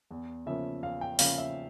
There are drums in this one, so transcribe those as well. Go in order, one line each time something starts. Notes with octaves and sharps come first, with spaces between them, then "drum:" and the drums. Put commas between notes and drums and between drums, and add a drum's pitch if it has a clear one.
E2
C#3 F3 A#3 C#4 E5
E2 F5
G5
C#3 F3 A#3 C#4 F5, drum: open hi-hat
E5